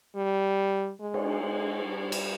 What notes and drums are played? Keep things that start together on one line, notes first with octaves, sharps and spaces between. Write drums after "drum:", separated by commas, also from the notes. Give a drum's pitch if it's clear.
G3
G#3
drum: cymbal
G#3
G3
drum: cymbal